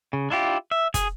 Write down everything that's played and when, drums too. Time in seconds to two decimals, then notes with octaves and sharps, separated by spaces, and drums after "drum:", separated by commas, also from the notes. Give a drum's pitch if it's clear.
0.13 C#3
0.30 D4 E4 F4 G4
0.71 E5
0.94 G#4, drum: kick, hi-hat